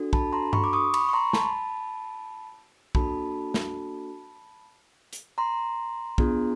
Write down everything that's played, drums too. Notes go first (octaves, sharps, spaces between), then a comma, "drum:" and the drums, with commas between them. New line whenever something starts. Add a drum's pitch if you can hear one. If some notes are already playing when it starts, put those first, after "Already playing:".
Already playing: D4 F#4 A4
A5 B5, drum: kick
A#5 C6
B5 C#6, drum: tom G2
D6
C#6 D#6
B5 C#6, drum: cymbal
C#6
A#5 C6
A5 B5, drum: snare
A#3 D4 F#4 A4 A5 B5, drum: kick
drum: snare
drum: hi-hat
A#5 C6
B3 D4 F4 G#4, drum: kick